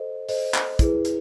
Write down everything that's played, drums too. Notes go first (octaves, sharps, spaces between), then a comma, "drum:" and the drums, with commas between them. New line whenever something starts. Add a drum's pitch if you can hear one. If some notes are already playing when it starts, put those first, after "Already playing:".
Already playing: A4 C5 D#5
A4 C5 D#5, drum: open hi-hat
drum: clap
E4 G#4 B4, drum: kick, hi-hat
drum: hi-hat